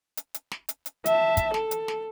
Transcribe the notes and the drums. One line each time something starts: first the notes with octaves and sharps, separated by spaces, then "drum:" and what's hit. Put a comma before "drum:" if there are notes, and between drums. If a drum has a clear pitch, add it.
drum: hi-hat
drum: hi-hat
drum: snare
drum: hi-hat
drum: hi-hat
E5 A5, drum: hi-hat
drum: kick, hi-hat
A4, drum: snare
drum: hi-hat
drum: snare